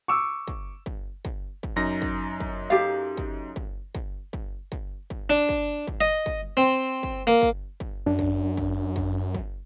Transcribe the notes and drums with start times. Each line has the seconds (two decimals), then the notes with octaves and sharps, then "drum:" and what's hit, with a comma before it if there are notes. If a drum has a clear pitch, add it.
0.08 C#6 D6 E6
0.48 drum: kick
0.86 drum: kick
1.25 drum: kick
1.63 drum: kick
1.76 F#2 D#4 A#6
2.02 drum: kick
2.40 drum: kick
2.70 G4 A4 F5
3.18 drum: kick
3.56 drum: kick
3.95 drum: kick
4.33 drum: kick
4.72 drum: kick
5.10 drum: kick
5.30 D4
5.49 drum: kick
5.87 drum: kick
6.01 D#5
6.26 drum: kick
6.57 C4
7.03 drum: kick
7.27 A#3
7.42 drum: kick
7.80 drum: kick
8.06 F#2 D4
8.19 drum: kick
8.57 drum: kick
8.96 drum: kick
9.35 drum: kick